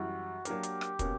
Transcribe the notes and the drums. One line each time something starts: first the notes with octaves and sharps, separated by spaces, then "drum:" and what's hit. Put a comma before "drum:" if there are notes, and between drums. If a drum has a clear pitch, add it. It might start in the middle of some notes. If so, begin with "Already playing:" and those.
Already playing: F#2 E3 G3 F#4
F#3 A#3 D4 G4 A#4, drum: hi-hat
drum: hi-hat
drum: rim click
B2 A#3 C#4, drum: kick, hi-hat